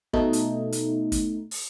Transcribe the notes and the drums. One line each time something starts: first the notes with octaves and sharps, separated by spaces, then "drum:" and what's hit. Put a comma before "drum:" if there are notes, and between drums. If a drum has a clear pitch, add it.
B2 A3 D#4, drum: kick
drum: hi-hat
drum: hi-hat
drum: kick, hi-hat
drum: open hi-hat